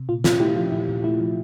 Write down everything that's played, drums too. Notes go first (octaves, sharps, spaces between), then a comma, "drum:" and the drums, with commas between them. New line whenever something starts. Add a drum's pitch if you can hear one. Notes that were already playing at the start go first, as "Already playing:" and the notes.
Already playing: C3
A#2 F4
A#2 F4, drum: snare
A3 E4 G4
F3 F4
A#2 E4
A#2
A3 E4
F3